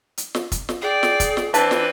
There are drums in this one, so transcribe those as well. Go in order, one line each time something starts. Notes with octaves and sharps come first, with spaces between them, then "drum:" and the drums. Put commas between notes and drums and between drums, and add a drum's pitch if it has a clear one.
drum: hi-hat
drum: snare
drum: kick, hi-hat
drum: snare
G#4 D5 G5
drum: snare
drum: kick, hi-hat
drum: snare
E3 C4 D4 B4 A5, drum: hi-hat
drum: snare